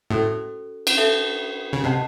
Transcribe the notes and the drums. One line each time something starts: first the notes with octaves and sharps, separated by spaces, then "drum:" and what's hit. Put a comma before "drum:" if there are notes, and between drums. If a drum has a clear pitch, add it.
A2 C#4 F#4 A4 C5
drum: cymbal
D#4 A4 C#5 E5
C#3
C3 C5 D#5 F#5 A5